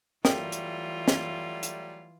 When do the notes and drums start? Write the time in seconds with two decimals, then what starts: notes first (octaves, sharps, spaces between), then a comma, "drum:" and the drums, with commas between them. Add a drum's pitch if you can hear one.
0.25 E3 F#3 G3 A3 F4 G#4 A#4 G5, drum: snare
0.52 drum: hi-hat
1.08 drum: snare
1.63 drum: hi-hat